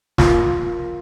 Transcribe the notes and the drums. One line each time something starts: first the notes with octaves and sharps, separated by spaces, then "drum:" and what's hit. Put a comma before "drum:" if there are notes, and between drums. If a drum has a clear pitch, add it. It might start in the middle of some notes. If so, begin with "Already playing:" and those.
A#3 F4, drum: snare